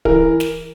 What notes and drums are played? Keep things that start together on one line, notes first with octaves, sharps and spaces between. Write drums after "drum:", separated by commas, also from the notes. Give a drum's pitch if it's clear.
E3 A#4, drum: kick D1
drum: snare